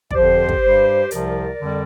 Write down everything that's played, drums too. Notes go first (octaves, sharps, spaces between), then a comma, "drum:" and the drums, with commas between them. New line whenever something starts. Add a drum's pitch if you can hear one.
D5, drum: kick
F2 D3 F3 G4 C5
drum: kick
G2 G3
C2 C3 F3 A#4 D5, drum: hi-hat
F2 D3 G3